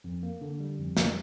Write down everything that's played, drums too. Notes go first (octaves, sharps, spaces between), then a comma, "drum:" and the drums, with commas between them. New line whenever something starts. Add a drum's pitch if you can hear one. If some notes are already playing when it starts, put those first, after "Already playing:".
F2
A#3
D3
G3
F2
G3, drum: snare